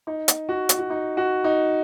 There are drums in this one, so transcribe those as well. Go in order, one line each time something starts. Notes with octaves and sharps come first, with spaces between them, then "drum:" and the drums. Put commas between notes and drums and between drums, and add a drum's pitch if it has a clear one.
D#4
drum: hi-hat
F#4
drum: hi-hat
F#4
D#4
F#4
D#4